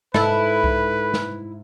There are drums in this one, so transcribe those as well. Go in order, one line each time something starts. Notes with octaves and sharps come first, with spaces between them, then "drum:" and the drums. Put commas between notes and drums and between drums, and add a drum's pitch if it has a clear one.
G#2 E4 A4 B4, drum: snare
drum: kick C2
drum: snare